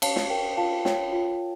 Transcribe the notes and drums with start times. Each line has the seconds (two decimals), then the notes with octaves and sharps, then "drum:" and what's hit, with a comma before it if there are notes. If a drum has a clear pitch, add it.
0.02 C#5 F5 A5, drum: cymbal
0.16 drum: snare
0.30 A#4 G5
0.57 F4 F5 A5
0.85 C#5 G5, drum: snare
1.13 F4